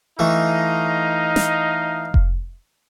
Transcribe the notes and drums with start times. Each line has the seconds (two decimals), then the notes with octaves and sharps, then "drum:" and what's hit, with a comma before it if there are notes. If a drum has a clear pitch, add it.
0.19 E3 A3 D#4 D#5 F5
1.36 drum: snare
2.14 drum: kick F1